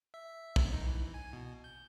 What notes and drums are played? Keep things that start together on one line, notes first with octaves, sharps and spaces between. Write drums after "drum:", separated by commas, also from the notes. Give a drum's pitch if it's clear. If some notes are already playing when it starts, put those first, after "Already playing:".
E5
drum: kick
D#4
E3
G#5
B2
G6